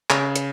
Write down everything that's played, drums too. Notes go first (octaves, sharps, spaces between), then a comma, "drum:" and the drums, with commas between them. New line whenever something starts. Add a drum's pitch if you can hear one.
C#3, drum: clap
drum: hi-hat